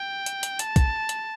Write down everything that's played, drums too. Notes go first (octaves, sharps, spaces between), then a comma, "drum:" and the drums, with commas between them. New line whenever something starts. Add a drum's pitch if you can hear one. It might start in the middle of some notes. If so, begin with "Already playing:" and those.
Already playing: G5
drum: hi-hat
drum: hi-hat
A5, drum: hi-hat
drum: kick B1, hi-hat
drum: hi-hat